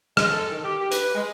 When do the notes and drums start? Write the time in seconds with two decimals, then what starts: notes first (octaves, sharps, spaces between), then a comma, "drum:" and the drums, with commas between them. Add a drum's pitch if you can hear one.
0.17 G#3, drum: rim click
0.30 A4
0.50 D#3
0.65 G4
0.79 G4
0.92 B4, drum: hi-hat
1.15 G#3